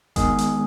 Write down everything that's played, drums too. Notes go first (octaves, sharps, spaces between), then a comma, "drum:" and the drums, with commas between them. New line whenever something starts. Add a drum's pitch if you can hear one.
D#3 G#3 B3 G#4, drum: kick F#1, hi-hat
drum: hi-hat